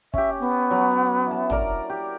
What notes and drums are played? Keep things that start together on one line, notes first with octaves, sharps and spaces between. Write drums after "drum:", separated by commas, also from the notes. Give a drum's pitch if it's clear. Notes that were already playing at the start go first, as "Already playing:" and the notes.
C#4 G4 E5, drum: kick
B3
F#3
E4 A5
A#4 D5 A5, drum: tom
G4